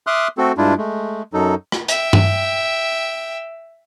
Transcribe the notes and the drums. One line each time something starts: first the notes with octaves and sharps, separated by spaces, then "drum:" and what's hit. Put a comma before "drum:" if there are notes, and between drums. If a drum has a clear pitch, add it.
E5 C6 D6 D#6 F6 F#6
A3 C4 F#4 A4
G2 G#3 D4 E4 F4
G#3 A3
F#2 F#3 D#4 A4
drum: rim click
E5 G5, drum: hi-hat
drum: tom G2